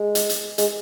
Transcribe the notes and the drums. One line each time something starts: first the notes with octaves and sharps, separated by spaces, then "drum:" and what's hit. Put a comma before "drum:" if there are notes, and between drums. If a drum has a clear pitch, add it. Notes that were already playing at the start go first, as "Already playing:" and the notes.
Already playing: G#3
drum: hi-hat
drum: hi-hat
G#3, drum: hi-hat